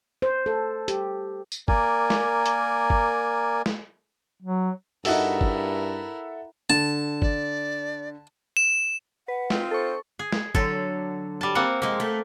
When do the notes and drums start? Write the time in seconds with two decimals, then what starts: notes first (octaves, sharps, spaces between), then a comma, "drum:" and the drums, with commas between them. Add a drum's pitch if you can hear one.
0.22 C5
0.46 A4
0.88 G4, drum: hi-hat
1.52 drum: tambourine
1.68 A#3 A#4 D5 G#5, drum: kick G1
2.10 drum: snare
2.46 drum: hi-hat
2.90 drum: kick G1
3.66 drum: snare
4.42 F#3
5.05 G2 D#4 E4 F#4 A4 A#4 E5 F#5, drum: open hi-hat
5.41 drum: kick G1
6.70 D3 A5
7.22 D5, drum: kick G1
8.57 E7
9.28 B4 F#5
9.50 C4 D#4 F4, drum: snare
9.71 A4 C5 C#6
10.19 G#4
10.32 drum: snare
10.55 D3 F#3 A4, drum: kick G1
11.41 G3 A5
11.55 A#3 C4 F#5
11.82 F2 G#3 A#3
12.00 A3